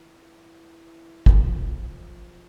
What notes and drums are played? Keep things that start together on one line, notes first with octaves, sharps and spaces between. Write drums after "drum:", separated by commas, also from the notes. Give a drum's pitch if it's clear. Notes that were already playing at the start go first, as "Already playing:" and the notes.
Already playing: E3
F3, drum: kick